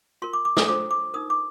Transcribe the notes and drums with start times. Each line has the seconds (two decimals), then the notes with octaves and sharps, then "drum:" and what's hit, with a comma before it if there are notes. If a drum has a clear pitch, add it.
0.22 F4 A#4 C6
0.33 D6
0.45 D6
0.57 D#6, drum: snare
0.68 D4 F4 A4 C5 D6
0.91 D6
1.14 D#4 A#4 D#6
1.30 D6